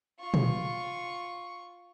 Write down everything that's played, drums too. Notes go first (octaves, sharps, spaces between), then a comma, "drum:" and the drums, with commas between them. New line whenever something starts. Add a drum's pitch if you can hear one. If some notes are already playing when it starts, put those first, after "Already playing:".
F4 C#6
drum: tom